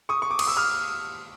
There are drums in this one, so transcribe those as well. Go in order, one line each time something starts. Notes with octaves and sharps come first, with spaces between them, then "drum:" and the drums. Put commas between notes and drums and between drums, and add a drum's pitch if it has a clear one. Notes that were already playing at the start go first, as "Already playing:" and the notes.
C#6 D#6
C#6
D6
D#6, drum: cymbal
E6
D#6 F6